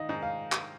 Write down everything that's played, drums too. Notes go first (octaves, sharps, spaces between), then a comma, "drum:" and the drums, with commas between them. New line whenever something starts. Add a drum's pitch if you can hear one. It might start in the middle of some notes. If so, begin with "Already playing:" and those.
Already playing: D#3 D#5 F5
G#2
F5
drum: clap